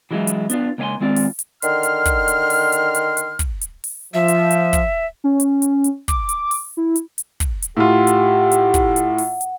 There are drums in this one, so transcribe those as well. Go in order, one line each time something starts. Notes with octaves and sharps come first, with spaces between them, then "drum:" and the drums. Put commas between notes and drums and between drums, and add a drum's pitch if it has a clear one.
E3 F#3 G#3 E4 F4
drum: hi-hat
B3 D4 F4, drum: hi-hat
C#2 A#3 C#5 F5 G#5 C6
D#3 G#3 C4 F4 D5
drum: open hi-hat
drum: hi-hat
D3 D#3 C6 F6, drum: hi-hat
drum: hi-hat
drum: kick, hi-hat
drum: hi-hat
drum: open hi-hat
drum: hi-hat
drum: hi-hat
drum: hi-hat
drum: kick, hi-hat
drum: hi-hat
drum: open hi-hat
F3 E5
drum: hi-hat
drum: hi-hat
drum: kick, hi-hat
C#4
drum: hi-hat
drum: hi-hat
drum: hi-hat
D6, drum: kick, hi-hat
drum: hi-hat
drum: open hi-hat
E4
drum: hi-hat
drum: hi-hat
drum: kick, hi-hat
drum: hi-hat
A2 F4 G4 F#5
drum: hi-hat
drum: hi-hat
drum: kick, hi-hat
drum: hi-hat
drum: open hi-hat
drum: hi-hat